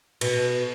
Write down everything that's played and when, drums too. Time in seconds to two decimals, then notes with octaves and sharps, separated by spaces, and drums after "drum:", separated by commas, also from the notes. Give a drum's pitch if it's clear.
0.21 B2, drum: cymbal